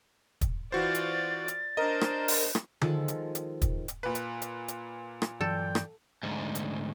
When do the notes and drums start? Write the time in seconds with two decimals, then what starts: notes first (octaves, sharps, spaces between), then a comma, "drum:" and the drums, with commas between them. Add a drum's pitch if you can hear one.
0.41 drum: kick, hi-hat
0.72 E3 F4 F#4 C5 D5 A6
0.95 drum: hi-hat
1.48 drum: hi-hat
1.77 D4 A#4 C5 D#5
2.01 drum: rim click
2.28 drum: open hi-hat
2.55 drum: rim click
2.81 D#3 F3 G#3 A4, drum: tom D3
3.08 drum: hi-hat
3.35 drum: hi-hat
3.62 drum: kick, hi-hat
3.88 drum: hi-hat
4.03 A#2 B4
4.15 drum: hi-hat
4.42 drum: hi-hat
4.68 drum: hi-hat
5.22 drum: rim click
5.41 G2 E3 F#3 A4 D5 G5
5.75 drum: rim click
6.23 D2 G#2
6.55 drum: hi-hat